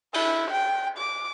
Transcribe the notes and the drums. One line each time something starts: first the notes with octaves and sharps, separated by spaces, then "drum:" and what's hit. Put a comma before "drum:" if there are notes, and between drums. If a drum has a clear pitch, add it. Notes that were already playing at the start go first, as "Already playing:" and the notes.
E4, drum: cymbal
G5
D6